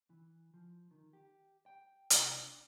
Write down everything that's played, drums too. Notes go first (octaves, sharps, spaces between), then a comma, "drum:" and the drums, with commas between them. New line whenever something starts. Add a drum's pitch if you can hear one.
E3
F3
D#3
G4
G5
C3, drum: hi-hat
D4